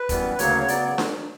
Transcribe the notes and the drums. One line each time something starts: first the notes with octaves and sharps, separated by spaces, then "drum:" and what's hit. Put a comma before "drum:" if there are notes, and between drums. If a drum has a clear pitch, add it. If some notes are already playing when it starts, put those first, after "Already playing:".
Already playing: B4
F#2 E3 G3 B3, drum: kick E1, hi-hat
B4
D2 C#3 F#3 A#3 C#5, drum: hi-hat
C#5
C#3 F#3 B3 D5, drum: hi-hat
drum: snare D4